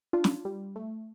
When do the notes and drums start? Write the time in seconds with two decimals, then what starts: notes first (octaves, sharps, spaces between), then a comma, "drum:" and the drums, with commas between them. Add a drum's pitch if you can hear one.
0.13 D4 F4
0.24 drum: snare
0.45 G3
0.76 A3